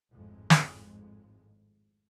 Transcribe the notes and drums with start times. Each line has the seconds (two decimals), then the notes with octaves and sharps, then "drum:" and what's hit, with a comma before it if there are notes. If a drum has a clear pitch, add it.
0.12 G#1 F2 A2 G#3
0.50 drum: snare